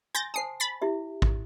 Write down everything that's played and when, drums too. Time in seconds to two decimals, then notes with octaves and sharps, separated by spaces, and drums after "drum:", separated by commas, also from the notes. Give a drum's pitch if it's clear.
0.15 G#5 C6 G6 A6 A#6
0.34 C5 G#5 A5 D#6 C7
0.60 B5 A6
0.82 E4 G4 E5
1.22 drum: kick